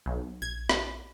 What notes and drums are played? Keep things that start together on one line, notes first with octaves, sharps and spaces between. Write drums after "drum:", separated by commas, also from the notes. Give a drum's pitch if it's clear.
B1
A#1 G#6
drum: rim click